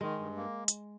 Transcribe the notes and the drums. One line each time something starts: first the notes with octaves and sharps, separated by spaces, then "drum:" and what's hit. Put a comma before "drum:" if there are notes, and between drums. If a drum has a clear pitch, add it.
D#3 G#3
G2
A#3
drum: hi-hat